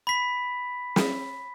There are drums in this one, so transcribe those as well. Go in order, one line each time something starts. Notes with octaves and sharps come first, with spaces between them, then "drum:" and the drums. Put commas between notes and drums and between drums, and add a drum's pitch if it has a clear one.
B5 B6
drum: snare